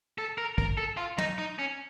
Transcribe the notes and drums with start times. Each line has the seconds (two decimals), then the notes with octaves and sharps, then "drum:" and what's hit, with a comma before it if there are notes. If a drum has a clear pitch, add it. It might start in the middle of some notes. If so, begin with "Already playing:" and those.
0.18 A4
0.38 A#4
0.58 A#4, drum: kick
0.78 A4
0.97 F4
1.18 D#4, drum: tom
1.38 D#4
1.58 C#4